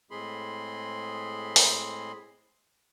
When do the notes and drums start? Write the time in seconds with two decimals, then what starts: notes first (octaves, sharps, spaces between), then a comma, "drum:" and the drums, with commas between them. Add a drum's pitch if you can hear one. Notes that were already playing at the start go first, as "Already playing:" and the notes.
0.11 A2 G#3 C4 G#4 B5 C6
1.56 drum: open hi-hat